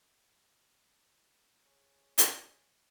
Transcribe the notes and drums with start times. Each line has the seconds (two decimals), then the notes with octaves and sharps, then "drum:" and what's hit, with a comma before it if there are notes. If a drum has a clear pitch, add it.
1.66 G#4 C#5
2.18 drum: hi-hat